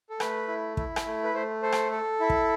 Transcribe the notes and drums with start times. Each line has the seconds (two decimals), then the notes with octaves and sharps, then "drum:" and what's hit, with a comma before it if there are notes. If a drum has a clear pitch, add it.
0.10 A4
0.20 A3 B4, drum: rim click
0.48 E4
0.77 E4, drum: kick
0.96 drum: rim click
1.06 A3
1.24 B4
1.34 A3 C5
1.62 A4 C5
1.72 drum: rim click
1.91 A4
2.20 E4
2.30 drum: kick